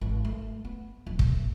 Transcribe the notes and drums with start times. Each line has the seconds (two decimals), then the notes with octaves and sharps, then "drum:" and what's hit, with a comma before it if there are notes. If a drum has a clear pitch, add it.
0.01 G#1
0.25 A3
0.65 B3
1.06 D1
1.19 drum: kick